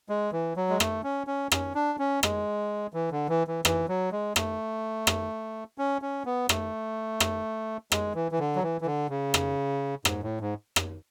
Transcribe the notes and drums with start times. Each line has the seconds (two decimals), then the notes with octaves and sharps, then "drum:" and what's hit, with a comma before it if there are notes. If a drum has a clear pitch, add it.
0.09 G#3
0.32 E3
0.56 F#3
0.70 G#3
0.80 A3, drum: rim click
1.04 C#4
1.27 C#4
1.52 C#4, drum: rim click
1.75 D4
1.99 C#4
2.23 G#3, drum: rim click
2.94 E3
3.11 D3
3.29 E3
3.47 E3
3.65 E3, drum: rim click
3.88 F#3
4.12 G#3
4.36 A3, drum: rim click
5.07 drum: rim click
5.78 C#4
6.02 C#4
6.25 B3
6.49 A3, drum: rim click
7.20 drum: rim click
7.92 G#3, drum: rim click
8.15 E3
8.32 E3
8.39 D3
8.55 F#3
8.63 E3
8.81 E3
8.86 D3
9.10 C#3
9.34 drum: rim click
10.05 G#2, drum: rim click
10.23 A2
10.41 G#2
10.76 drum: rim click